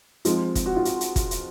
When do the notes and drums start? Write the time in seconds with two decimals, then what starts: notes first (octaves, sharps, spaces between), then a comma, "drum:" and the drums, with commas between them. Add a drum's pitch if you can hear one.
0.25 F3 G#3 C4 F4, drum: hi-hat
0.55 drum: kick, hi-hat
0.66 F#4
0.76 F4
0.85 F#4, drum: hi-hat
1.01 drum: hi-hat
1.16 drum: kick, hi-hat
1.31 drum: hi-hat